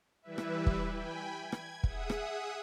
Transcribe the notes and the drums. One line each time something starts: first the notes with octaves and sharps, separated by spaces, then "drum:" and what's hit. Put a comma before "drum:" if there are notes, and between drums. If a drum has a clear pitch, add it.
E3 G3 E4 B4 E5
drum: rim click
drum: kick
G5 G#5 B5
G#6
drum: rim click
G#4 E5 F#5 D#6, drum: kick
drum: rim click